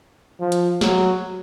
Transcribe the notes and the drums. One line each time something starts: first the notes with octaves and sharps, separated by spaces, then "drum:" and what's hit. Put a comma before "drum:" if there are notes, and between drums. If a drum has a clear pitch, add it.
F3
drum: hi-hat
F#3, drum: snare